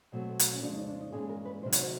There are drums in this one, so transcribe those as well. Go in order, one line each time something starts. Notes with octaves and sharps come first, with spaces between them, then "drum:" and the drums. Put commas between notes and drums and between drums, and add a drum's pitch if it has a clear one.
B2 F#3 A3 C4
drum: hi-hat
C#4
F2 C#3 F3 G#3 D4
D#4
D4
D#4
G2 E3 G#3 C#4 G#4
A#4
B4
D2 C3 D#3 F#3 C5
C#5, drum: hi-hat
C5